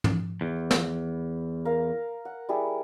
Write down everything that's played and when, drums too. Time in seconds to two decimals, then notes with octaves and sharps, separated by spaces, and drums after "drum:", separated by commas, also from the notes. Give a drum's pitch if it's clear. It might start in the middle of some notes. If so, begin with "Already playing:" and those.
0.04 drum: tom
0.41 E2
0.71 drum: snare
1.65 A#4 F5
2.25 F#5
2.49 G3 E4 G#4